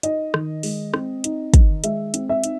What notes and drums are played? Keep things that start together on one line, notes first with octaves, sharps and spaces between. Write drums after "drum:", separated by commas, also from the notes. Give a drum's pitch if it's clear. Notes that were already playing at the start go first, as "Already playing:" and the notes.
D#4 D#5, drum: hi-hat
D#3, drum: rim click
G#3, drum: open hi-hat
C4, drum: rim click
D#4, drum: hi-hat
D#3, drum: kick, hi-hat
G#3 E5, drum: hi-hat
C4, drum: hi-hat
E5
D#4, drum: hi-hat